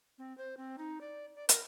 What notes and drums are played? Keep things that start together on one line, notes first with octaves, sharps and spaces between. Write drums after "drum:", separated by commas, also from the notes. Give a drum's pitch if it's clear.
C4
C5
C4
D#4
D5
D5
A#4, drum: hi-hat